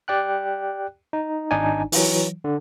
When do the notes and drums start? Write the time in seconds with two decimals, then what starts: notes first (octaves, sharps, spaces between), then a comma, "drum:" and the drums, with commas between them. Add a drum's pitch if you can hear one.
0.08 G4 D5 G5 F#6
1.13 D#4
1.51 G#1 D4 D#4 D5 G#5
1.92 E3 F#3, drum: open hi-hat
2.44 D3